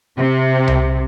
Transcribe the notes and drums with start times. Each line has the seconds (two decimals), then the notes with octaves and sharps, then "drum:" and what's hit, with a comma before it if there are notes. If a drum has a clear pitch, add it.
0.18 C3
0.68 drum: tom C2